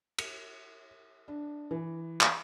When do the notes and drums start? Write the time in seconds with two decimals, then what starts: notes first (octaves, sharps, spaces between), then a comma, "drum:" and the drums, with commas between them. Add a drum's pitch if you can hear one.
0.18 C#7, drum: cymbal
1.28 D4
1.71 E3
2.21 drum: clap